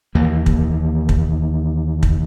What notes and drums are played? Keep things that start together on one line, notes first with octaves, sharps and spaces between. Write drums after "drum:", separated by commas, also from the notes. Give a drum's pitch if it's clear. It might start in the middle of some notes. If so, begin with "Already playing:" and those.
D#2 E3 A#3
drum: kick
drum: kick
drum: kick